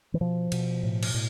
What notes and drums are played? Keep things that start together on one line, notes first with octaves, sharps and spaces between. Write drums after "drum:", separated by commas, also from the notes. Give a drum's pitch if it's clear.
E3
B2 F3
B2, drum: cymbal
A2
drum: cymbal
A2